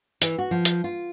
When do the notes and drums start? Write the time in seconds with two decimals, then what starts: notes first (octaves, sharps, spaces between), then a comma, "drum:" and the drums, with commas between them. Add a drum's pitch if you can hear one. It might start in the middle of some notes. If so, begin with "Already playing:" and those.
0.22 E3, drum: hi-hat
0.38 F#4
0.51 F3
0.65 drum: hi-hat
0.84 F4